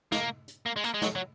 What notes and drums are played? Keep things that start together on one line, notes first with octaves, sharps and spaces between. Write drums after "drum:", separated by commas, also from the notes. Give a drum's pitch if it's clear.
A#3, drum: snare
drum: hi-hat
A#3
G#3
A#3, drum: hi-hat
G#3
F#3, drum: snare
F#3